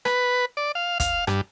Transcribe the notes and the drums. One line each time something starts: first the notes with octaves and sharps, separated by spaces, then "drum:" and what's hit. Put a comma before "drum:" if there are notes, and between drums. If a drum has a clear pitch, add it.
B4, drum: rim click
D5
F5
F5, drum: kick, hi-hat
G2, drum: rim click